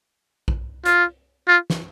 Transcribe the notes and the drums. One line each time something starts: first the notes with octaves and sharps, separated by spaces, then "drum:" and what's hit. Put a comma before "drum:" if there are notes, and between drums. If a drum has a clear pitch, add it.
drum: kick A#1
F4, drum: hi-hat
F4
drum: snare